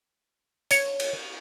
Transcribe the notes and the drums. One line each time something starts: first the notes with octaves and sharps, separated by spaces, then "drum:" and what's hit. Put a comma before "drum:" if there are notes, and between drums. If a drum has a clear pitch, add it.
C#5, drum: hi-hat
drum: cymbal